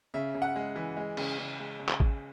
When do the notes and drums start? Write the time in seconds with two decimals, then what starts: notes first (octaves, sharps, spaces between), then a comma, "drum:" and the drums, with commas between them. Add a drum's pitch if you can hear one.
0.14 C#3 E5
0.34 C#3
0.42 F#5
0.56 G#3
0.76 E3
0.97 G#3
1.17 C#3, drum: cymbal
1.38 C#3
1.60 G#3
1.80 C#3
1.89 drum: clap
2.00 C#3, drum: kick A1